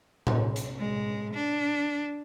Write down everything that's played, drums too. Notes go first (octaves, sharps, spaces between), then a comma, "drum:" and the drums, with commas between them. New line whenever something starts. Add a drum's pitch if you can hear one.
drum: tom A2
drum: hi-hat
G#3
D4